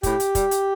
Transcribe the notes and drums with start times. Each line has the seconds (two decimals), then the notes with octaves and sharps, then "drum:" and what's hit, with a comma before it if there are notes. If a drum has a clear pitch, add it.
0.03 A2 G4, drum: kick, hi-hat
0.20 drum: hi-hat
0.35 G3, drum: kick, hi-hat
0.51 drum: hi-hat